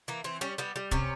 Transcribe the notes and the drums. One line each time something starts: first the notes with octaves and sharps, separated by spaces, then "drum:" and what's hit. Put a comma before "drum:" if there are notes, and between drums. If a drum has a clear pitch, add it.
E3 A#3
E3 C4
G3 C#4
G3 B3
G3
C3 C#4, drum: kick